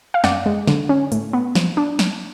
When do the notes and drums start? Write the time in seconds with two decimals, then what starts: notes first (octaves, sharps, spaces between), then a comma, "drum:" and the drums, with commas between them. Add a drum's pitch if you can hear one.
0.14 F5
0.24 F#2 D5 F#5, drum: snare
0.46 G#3
0.67 D3, drum: snare
0.89 C#4
1.12 A2, drum: hi-hat
1.33 B3
1.55 F3, drum: snare
1.77 D4
1.99 drum: snare